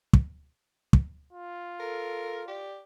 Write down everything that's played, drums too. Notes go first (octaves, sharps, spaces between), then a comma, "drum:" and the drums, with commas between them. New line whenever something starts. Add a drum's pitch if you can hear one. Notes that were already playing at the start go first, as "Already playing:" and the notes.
drum: kick
drum: kick
F4
A4 A#4
G4 D5